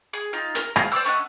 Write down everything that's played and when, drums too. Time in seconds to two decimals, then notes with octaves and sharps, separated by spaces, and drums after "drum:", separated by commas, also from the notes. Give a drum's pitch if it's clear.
0.13 G#4
0.33 D#4 F4
0.55 A#4, drum: hi-hat
0.76 G#4 F5, drum: rim click
0.92 C5 D5 D6 E6
1.05 A3 C#4 D#5 F#5